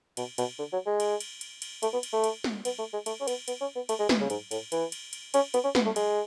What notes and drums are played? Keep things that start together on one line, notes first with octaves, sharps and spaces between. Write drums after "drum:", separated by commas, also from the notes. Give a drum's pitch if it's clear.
B2, drum: cymbal
B2, drum: cymbal
D3
F#3
G#3
drum: cymbal
drum: cymbal
drum: cymbal
drum: cymbal
A3, drum: cymbal
B3
drum: cymbal
A3
drum: cymbal
drum: snare
B3, drum: cymbal
A3
G#3
A3, drum: cymbal
C#4
B3, drum: cymbal
B3, drum: cymbal
C#4
B3
A3, drum: cymbal
G#3
E3, drum: snare
C#3
G#2, drum: cymbal
A2, drum: cymbal
E3, drum: cymbal
drum: cymbal
drum: cymbal
C#4, drum: cymbal
B3, drum: cymbal
C#4
B3, drum: snare
A3
G#3, drum: cymbal